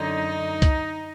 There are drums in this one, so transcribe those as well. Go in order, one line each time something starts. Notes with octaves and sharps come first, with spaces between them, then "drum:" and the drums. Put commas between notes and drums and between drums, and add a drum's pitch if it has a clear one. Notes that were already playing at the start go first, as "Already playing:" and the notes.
Already playing: F#2 D3 D#4
drum: kick C2, hi-hat